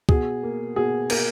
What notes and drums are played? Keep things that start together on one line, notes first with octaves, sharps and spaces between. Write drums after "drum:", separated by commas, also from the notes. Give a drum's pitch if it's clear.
B2 G#4, drum: kick
A#3
B2 G#4
A#3 A#4, drum: cymbal